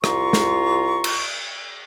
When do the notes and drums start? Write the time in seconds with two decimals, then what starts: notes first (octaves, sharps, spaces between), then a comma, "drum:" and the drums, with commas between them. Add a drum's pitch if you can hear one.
0.04 C2 F4 A#5 C6 C#6, drum: rim click
0.33 drum: snare
1.04 drum: cymbal